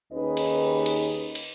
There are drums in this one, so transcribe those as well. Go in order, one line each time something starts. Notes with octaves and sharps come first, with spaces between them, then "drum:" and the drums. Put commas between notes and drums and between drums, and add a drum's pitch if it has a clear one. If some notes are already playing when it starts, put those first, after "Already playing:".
D#2 C#4 D#4 G#4 B4 D#5
drum: cymbal
drum: cymbal
drum: cymbal